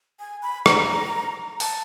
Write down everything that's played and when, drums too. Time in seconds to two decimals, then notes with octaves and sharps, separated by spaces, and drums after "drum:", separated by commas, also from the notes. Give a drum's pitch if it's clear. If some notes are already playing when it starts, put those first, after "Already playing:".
0.20 G#5
0.42 B5
0.66 A#5, drum: rim click
1.60 A5, drum: open hi-hat